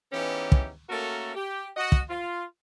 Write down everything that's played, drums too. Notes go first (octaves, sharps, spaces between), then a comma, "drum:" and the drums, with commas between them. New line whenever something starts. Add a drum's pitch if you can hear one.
G#2 E3 B3 C#4 D#4 G4
drum: kick
A3 A#3 C#4 F#4 A4 A#4
G4
F#4 D#5 F#5
drum: kick
F4